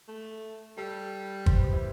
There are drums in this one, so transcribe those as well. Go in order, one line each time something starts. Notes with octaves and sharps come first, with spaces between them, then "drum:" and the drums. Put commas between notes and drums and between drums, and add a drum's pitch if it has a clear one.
A3
G3 A4
C5, drum: kick G1
B4
G4
E4